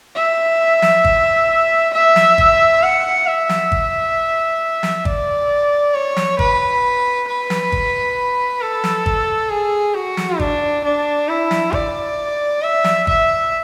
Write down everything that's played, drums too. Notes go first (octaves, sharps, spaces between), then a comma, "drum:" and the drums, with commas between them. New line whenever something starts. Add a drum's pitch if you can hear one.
E5
drum: snare
drum: kick G#1
E5
drum: snare
drum: kick G#1
F#5
E5
drum: snare
drum: kick G#1
drum: snare
D5, drum: kick G#1
C#5
drum: snare
B4, drum: kick G#1
B4
drum: snare
drum: kick G#1
A4
drum: snare
drum: kick G#1
G#4
F#4
drum: snare
D4, drum: kick G#1
D4
E4
drum: snare
D5, drum: kick G#1
E5
drum: snare
E5, drum: kick G#1